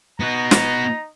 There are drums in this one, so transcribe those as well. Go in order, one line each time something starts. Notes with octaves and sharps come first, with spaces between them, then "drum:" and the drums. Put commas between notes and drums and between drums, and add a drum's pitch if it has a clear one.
B3 D#4 F#4 A#5
drum: snare